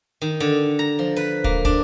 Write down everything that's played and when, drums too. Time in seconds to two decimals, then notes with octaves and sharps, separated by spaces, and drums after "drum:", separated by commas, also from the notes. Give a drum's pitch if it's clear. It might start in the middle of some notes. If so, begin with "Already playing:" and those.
0.22 D#3
0.40 D3
0.79 A#5
0.99 F3
1.17 B4
1.44 A#3, drum: kick
1.65 D4, drum: kick